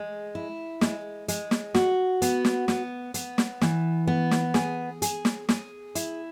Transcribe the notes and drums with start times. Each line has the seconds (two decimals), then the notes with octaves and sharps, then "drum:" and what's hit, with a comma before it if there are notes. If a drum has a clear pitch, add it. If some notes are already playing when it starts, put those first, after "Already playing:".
Already playing: G#3
0.35 E4
0.81 G#3, drum: snare
1.28 G#3, drum: hi-hat
1.51 drum: snare
1.74 F#4, drum: snare
2.22 B3, drum: hi-hat
2.45 drum: snare
2.68 B3, drum: snare
3.14 B3, drum: hi-hat
3.38 drum: snare
3.61 E3, drum: snare
4.07 B3
4.31 drum: snare
4.54 G#4, drum: snare
5.02 G#4, drum: hi-hat
5.25 drum: snare
5.49 G#4, drum: snare
5.95 E4, drum: hi-hat